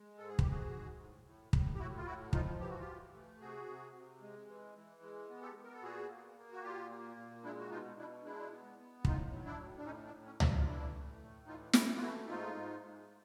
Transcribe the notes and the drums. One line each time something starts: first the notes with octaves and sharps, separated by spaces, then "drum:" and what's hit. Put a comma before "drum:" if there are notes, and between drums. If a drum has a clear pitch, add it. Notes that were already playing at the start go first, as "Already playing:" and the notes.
Already playing: G#3
G#2 A4
G#4
G4, drum: kick
G#2 F#4 G#4
G#2
A2
A2
A2, drum: kick
G4
A2 E4 F#4
F4
A2 E4 F#4
F3 D#4 F4, drum: kick
E3 G4
F#4
F4 G4
E3
A3
C3 F#4 G#4
C3
C3
G#3
E3
E3
G#3
B3
G4 A4
B3
A#4
A4
A#2 F#4 G#4
A#3
A#3
F#4
A#2 F4 G4
A#3
A#2
G#3 D4 E4
F#4
B2 D#4 F4
B2 D4 E4
G#3 D4 E4
B3
B3
A2 D#4 F4, drum: kick
F#3
D4 E4
A2
D4
A2 C#4 D#4
D4
A2
C#4
A2, drum: tom C#2
D4
F4
E3 D4 E4
A3
A2
E3 D#4 F4
E3 E4 F#4, drum: snare
F4
A3 E4 F#4
G#2 D#4 F4
G#2
G#2